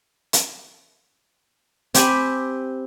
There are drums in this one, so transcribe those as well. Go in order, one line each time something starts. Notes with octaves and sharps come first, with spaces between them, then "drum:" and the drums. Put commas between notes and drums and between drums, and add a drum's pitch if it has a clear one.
drum: hi-hat
C4 G4 G#5 B5, drum: hi-hat